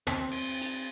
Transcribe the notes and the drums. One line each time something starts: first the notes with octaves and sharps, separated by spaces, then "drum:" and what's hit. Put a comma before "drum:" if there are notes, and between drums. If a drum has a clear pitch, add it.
C4, drum: tom
drum: cymbal
drum: hi-hat